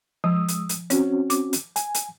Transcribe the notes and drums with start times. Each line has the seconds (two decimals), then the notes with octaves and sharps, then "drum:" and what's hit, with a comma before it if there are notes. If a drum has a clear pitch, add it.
0.24 F3 G#3 D#6 E6
0.48 drum: hi-hat
0.69 drum: hi-hat
0.90 C4 C#4 F#4 C#5, drum: hi-hat
1.30 D6, drum: hi-hat
1.53 drum: hi-hat
1.76 G#5, drum: hi-hat
1.94 drum: hi-hat